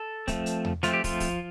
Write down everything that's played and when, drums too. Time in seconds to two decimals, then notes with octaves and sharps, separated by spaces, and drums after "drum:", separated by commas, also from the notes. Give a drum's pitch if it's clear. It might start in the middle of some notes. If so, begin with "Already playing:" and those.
Already playing: A4
0.28 F3 A3 C4, drum: kick, hi-hat
0.46 drum: hi-hat
0.65 drum: tom E2
0.83 F3 A3 C4 F4, drum: hi-hat
0.93 G4
1.04 F3 F4, drum: kick, open hi-hat
1.20 drum: kick, open hi-hat